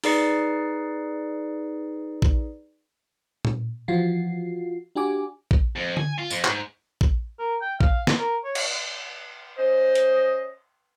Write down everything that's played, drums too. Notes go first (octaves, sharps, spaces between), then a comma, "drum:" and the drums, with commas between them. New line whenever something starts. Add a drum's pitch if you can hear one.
D#4 G#4 B4 D5 C7 C#7, drum: open hi-hat
drum: kick A#1
drum: tom A#2
E3 F3 F4 F#4 C7
D4 F#4 G4 G#5 D6
drum: kick A#1
F2
G#5, drum: tom D3
F4
F2, drum: tambourine
G#2, drum: clap
drum: kick A#1
A#4
G5
F5, drum: kick A#1
drum: snare
A#4
C#5
drum: cymbal
C#4 C5 D#5
drum: hi-hat